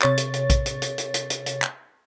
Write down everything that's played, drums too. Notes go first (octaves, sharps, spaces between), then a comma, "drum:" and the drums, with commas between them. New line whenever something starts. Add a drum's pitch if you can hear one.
C3 C#5 A6, drum: clap
drum: hi-hat
drum: hi-hat
drum: kick A#1, hi-hat
drum: hi-hat
drum: hi-hat
drum: hi-hat
drum: hi-hat
drum: hi-hat
drum: hi-hat
drum: clap